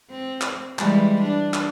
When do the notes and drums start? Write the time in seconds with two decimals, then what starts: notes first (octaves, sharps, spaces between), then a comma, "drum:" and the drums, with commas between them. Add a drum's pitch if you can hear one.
0.10 C4
0.41 drum: clap
0.79 E3 G3 G#3, drum: clap
1.22 D4
1.54 drum: clap